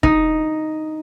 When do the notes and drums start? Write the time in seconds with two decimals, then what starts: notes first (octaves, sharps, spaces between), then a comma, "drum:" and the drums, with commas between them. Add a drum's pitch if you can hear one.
0.03 D#4, drum: kick